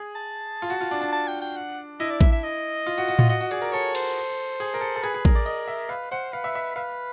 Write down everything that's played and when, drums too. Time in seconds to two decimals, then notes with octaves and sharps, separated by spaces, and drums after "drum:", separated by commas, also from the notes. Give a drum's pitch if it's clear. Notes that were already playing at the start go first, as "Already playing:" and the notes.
Already playing: G#4
0.16 A5
0.62 F4
0.70 F#4
0.81 F4
0.91 D4
1.01 D4
1.13 A5
1.27 G5
1.42 G5
1.57 F#5
2.00 E4 D#5
2.11 D5
2.21 E5, drum: kick
2.32 E5
2.43 D#5
2.87 F4
2.98 F#4
3.08 F#4
3.19 F4, drum: tom A2
3.30 F#4 D#5
3.41 F#4
3.51 G#4 D5, drum: hi-hat
3.62 A#4
3.73 A4 C#5
3.95 C5, drum: cymbal
4.60 G#4
4.74 A#4
4.81 A4
4.96 A4
5.03 G#4 B4
5.14 G#4
5.25 A#4, drum: kick
5.35 D5
5.46 D#5
5.68 E5
5.89 B4 F5
6.11 C5 F#5
6.33 B4 F5
6.44 E5
6.55 E5
6.76 B4 F5